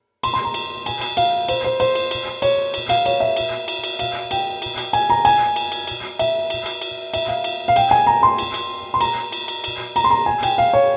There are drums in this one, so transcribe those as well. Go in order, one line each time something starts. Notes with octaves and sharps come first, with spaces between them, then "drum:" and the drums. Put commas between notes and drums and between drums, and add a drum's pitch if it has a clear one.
C6, drum: cymbal
C6
A#5
drum: cymbal
G#5, drum: cymbal
drum: cymbal
F5, drum: cymbal
C5, drum: cymbal
C5
C5, drum: cymbal
drum: cymbal
drum: cymbal
C#5, drum: cymbal
drum: cymbal
F5, drum: cymbal
C#5, drum: cymbal
E5
drum: cymbal
drum: cymbal
drum: cymbal
F5, drum: cymbal
G5, drum: cymbal
drum: cymbal
drum: cymbal
G#5, drum: cymbal
A#5
G#5, drum: cymbal
drum: cymbal
drum: cymbal
drum: cymbal
E5, drum: cymbal
drum: cymbal
drum: cymbal
drum: cymbal
E5, drum: cymbal
F5
drum: cymbal
F5
G5, drum: cymbal
G#5
A#5
C6
drum: cymbal
drum: cymbal
C6
A#5, drum: cymbal
drum: cymbal
drum: cymbal
drum: cymbal
A#5, drum: cymbal
C6
A#5
G#5
G5, drum: cymbal
F5
C#5